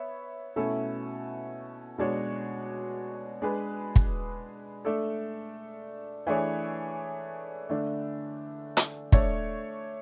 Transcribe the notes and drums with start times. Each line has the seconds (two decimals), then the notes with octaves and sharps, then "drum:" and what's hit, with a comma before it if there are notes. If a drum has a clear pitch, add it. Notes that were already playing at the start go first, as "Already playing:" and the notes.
Already playing: B3 C#5 E5
0.56 B2 A3 C#4 E4 A4
1.98 B2 G#3 D4 F#4 C#5
3.42 G#3 D4 G#4 B4
3.96 drum: kick
4.85 A3 D4 A4 D5
6.27 E3 A3 D4 G#4 C#5
7.70 D3 A3 D4
8.77 drum: hi-hat
9.12 A3 D4 A4 C#5, drum: kick